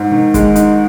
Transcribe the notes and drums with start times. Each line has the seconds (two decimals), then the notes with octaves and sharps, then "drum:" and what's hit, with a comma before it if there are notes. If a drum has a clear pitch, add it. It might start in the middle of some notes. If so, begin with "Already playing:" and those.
Already playing: G#2 D#4
0.12 D#3
0.34 G#3, drum: kick, hi-hat
0.56 D#4, drum: hi-hat